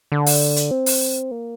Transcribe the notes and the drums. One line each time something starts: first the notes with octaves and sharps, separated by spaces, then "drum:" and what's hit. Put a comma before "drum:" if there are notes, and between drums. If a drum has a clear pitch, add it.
D3
drum: open hi-hat
drum: hi-hat
C4
drum: open hi-hat
A#3